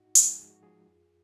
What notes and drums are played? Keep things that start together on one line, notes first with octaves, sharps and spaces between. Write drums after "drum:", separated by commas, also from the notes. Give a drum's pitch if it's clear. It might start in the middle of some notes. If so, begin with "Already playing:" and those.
Already playing: G#2 D#4 F#4
F3 G#3 D#4 F#4, drum: hi-hat
G#2 G#4
F#4
F3 G#3 F4 G#4
F2